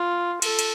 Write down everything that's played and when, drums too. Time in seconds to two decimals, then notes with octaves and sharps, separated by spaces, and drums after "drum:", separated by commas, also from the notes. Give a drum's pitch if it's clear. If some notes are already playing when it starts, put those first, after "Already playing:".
Already playing: F4
0.42 A4, drum: cymbal
0.59 drum: cymbal